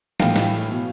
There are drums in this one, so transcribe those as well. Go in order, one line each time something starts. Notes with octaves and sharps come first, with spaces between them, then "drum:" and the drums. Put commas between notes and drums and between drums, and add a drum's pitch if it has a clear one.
A2 E3 F5 G5, drum: snare
drum: snare
B2